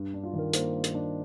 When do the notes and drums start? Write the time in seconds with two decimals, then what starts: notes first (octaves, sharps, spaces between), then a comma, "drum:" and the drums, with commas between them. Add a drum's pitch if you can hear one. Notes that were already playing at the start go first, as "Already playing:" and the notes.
Already playing: G2
0.14 D4
0.23 F4
0.33 D#3
0.39 A#4
0.53 A#3 C5, drum: hi-hat
0.73 A#3
0.84 drum: hi-hat
0.94 D4